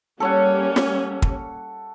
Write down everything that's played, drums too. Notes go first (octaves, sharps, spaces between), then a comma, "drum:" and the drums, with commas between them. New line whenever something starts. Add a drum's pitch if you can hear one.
G3 A#3 C#4 A4 C#5 F#5
drum: snare
drum: kick